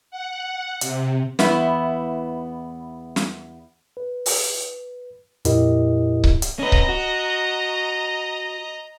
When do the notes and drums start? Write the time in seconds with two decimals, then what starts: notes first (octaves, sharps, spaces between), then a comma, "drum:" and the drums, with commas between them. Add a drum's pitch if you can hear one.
0.11 F#5
0.81 C3, drum: hi-hat
1.39 E2 B3 E4, drum: snare
3.16 drum: snare
3.97 B4
4.26 drum: open hi-hat
5.45 F2 A#2 E4 G4 A#4 D#5, drum: hi-hat
6.24 drum: kick C#1
6.42 drum: hi-hat
6.59 C#4 B4 D#5 A#5
6.72 drum: kick C#1
6.89 F#4